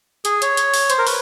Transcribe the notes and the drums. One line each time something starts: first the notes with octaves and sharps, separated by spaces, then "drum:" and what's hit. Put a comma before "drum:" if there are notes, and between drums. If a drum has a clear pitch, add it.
G#4, drum: hi-hat
C#5, drum: hi-hat
drum: hi-hat
drum: open hi-hat
C5, drum: hi-hat
A#4
B4, drum: open hi-hat